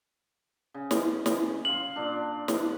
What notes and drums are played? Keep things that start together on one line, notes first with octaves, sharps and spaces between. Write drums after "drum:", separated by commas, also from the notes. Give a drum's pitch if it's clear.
C#3
drum: snare
drum: snare
F5 C6 F#7
A#2 D4
drum: snare